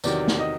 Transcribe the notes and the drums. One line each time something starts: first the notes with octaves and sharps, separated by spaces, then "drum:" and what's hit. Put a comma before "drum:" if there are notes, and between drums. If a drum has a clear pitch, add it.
E2 C3 D#3 F#3 D5, drum: tambourine
drum: snare
D#5